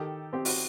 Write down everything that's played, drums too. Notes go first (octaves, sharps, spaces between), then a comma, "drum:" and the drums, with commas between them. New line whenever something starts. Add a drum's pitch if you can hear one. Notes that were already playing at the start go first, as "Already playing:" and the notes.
Already playing: D#3 G4 A4
C4 G4
F#4, drum: open hi-hat